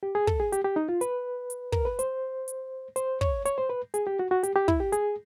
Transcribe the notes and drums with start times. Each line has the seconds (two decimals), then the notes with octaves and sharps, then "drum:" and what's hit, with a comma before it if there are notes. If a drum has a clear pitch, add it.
0.03 G4
0.15 G#4
0.27 A4, drum: kick
0.40 G#4
0.53 G4, drum: hi-hat
0.64 G4
0.76 D#4
0.89 F4
1.01 B4, drum: hi-hat
1.50 drum: hi-hat
1.72 A#4, drum: kick
1.85 B4
1.99 C5, drum: hi-hat
2.48 drum: hi-hat
2.96 C5, drum: hi-hat
3.21 C#5, drum: kick
3.45 C#5, drum: hi-hat
3.58 C5
3.70 B4
3.94 G#4, drum: hi-hat
4.07 G4
4.19 F#4
4.31 F#4
4.43 G4, drum: hi-hat
4.56 G4
4.68 E4, drum: kick
4.80 G4
4.93 G#4, drum: hi-hat